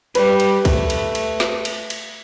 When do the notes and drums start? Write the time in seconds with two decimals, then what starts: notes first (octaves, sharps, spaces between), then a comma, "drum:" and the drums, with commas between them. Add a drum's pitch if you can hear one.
0.15 G3 B4, drum: cymbal
0.40 drum: cymbal
0.65 A3, drum: kick C2, cymbal
0.90 drum: cymbal
1.15 drum: cymbal
1.40 drum: snare
1.65 drum: cymbal
1.90 drum: cymbal